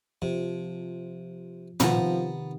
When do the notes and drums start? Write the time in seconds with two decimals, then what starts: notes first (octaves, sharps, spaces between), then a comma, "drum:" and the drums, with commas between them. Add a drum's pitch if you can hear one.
0.22 C3 F3
1.80 C3 D#3 F3 B3 A5 A#5, drum: tom